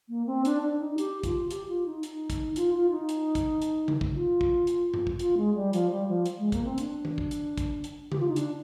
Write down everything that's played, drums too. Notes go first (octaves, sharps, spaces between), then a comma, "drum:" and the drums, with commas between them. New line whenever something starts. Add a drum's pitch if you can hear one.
A#3
C4
D4, drum: hi-hat
D4
D#4
G4, drum: hi-hat
F4, drum: kick, hi-hat
G4, drum: hi-hat
F4
D#4
D#4, drum: hi-hat
drum: kick, hi-hat
F4, drum: hi-hat
F4
D#4
drum: hi-hat
drum: kick, hi-hat
drum: hi-hat
drum: tom C#3
drum: kick
F4
drum: kick
drum: hi-hat
drum: tom G2
drum: kick
F4, drum: hi-hat
G#3
G3
F3, drum: hi-hat
G3
F3
drum: hi-hat
G#3
A#3, drum: kick, hi-hat
C4
D4, drum: hi-hat
drum: tom D#3
drum: kick
drum: hi-hat
drum: kick, hi-hat
drum: hi-hat
G4, drum: tom C#3
F4
D#4
D4, drum: hi-hat